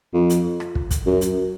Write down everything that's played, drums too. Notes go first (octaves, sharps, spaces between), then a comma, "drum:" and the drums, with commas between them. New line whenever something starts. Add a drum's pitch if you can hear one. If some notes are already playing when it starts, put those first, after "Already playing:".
F2
drum: hi-hat
drum: rim click
drum: kick
drum: kick, hi-hat
F#2
drum: hi-hat